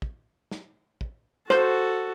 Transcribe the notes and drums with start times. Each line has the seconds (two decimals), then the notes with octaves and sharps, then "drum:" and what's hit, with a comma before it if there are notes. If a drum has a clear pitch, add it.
0.02 drum: kick
0.51 drum: snare
1.01 drum: kick
1.50 F#4 A4 C5, drum: snare